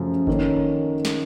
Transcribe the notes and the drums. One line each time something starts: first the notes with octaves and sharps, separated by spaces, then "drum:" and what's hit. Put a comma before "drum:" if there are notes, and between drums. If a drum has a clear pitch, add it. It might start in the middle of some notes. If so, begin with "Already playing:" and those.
Already playing: F#2 C#3 F3 A3
D#3 A#3 C#4 A4 C#5, drum: kick G1
drum: snare